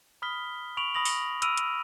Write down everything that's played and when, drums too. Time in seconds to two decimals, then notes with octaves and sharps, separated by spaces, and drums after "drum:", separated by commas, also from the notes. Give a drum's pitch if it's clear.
0.22 B5 D#6 F6 B6 G7
0.77 B5 C#6 D7 F7 F#7
0.94 B5 D#6 A#6 F#7
1.05 drum: open hi-hat
1.42 B5 E6 F6 D7 D#7 F7, drum: hi-hat
1.57 drum: hi-hat